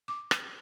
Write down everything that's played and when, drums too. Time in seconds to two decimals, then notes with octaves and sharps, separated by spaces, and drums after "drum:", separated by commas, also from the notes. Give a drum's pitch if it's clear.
0.08 D6
0.31 drum: rim click